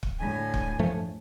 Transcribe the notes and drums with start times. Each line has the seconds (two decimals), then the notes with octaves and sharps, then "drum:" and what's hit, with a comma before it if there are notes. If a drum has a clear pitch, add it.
0.03 drum: kick
0.18 D2 A2 G#5
0.54 drum: kick
0.79 G2 F3 A3